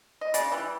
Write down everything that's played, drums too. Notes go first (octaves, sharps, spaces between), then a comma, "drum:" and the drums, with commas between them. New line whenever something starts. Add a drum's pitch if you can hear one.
D#5
C#3 D5, drum: hi-hat
E3 G3